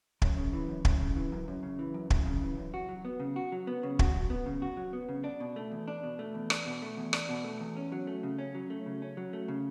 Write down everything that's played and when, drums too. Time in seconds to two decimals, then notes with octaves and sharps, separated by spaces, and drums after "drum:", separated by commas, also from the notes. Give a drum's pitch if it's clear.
0.22 F#2, drum: kick
0.37 C#3
0.53 E3
0.68 F#2
0.85 F#2, drum: kick
1.00 C#3
1.16 E3
1.32 F#2
1.48 F#2
1.63 C#3
1.79 E3
1.94 F#2
2.10 F#2, drum: kick
2.26 C#3
2.42 E3
2.57 F#2
2.74 F#4
2.89 F#3
3.05 B3
3.20 C#3
3.36 F#4
3.52 F#3
3.67 B3
3.83 C#3
3.99 F#4, drum: kick
4.14 F#3
4.30 B3
4.46 C#3
4.62 F#4
4.77 F#3
4.93 B3
5.09 C#3
5.24 D4
5.40 B2
5.56 A3
5.72 E2
5.88 D4
6.03 B2
6.19 A3
6.35 E2
6.50 D4, drum: rim click
6.66 B2
6.82 A3
6.97 E2
7.13 D4, drum: rim click
7.29 B2
7.44 A3
7.61 E2
7.76 C#4
7.92 F#3
8.07 A3
8.23 C#3
8.39 C#4
8.55 F#3
8.70 A3
8.86 C#3
9.02 C#4
9.17 F#3
9.33 A3
9.48 C#3